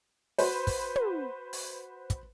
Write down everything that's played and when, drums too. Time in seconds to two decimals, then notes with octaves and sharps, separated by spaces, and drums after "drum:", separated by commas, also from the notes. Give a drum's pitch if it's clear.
0.38 F#4 B4 C5, drum: open hi-hat
0.67 drum: kick, open hi-hat
0.96 drum: tom
1.53 drum: open hi-hat
2.10 drum: kick, hi-hat